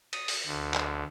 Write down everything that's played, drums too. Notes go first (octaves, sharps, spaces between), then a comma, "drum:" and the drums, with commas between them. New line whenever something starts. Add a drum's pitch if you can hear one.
D#6, drum: cymbal
drum: open hi-hat
D2
drum: clap